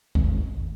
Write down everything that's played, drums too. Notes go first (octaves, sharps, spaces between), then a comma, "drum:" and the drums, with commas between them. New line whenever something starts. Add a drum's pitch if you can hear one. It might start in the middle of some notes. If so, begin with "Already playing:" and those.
G#1, drum: kick